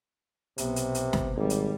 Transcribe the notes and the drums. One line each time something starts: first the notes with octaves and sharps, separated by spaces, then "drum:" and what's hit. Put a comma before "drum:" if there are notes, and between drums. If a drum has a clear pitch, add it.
B1 C3 B3, drum: hi-hat
drum: hi-hat
drum: hi-hat
drum: snare
G#1 G3
drum: hi-hat